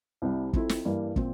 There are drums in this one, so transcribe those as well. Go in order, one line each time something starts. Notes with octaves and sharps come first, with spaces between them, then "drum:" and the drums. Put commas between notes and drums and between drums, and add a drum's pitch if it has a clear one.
C2 C3 G3
F3 C4 E4 A4, drum: kick
drum: snare
G2 E3 G3 A#3
A#2 F3 C4, drum: kick